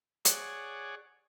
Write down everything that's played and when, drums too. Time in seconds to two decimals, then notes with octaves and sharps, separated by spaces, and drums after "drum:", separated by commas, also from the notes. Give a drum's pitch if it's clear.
0.25 G#4 C#5 D5 F#5, drum: hi-hat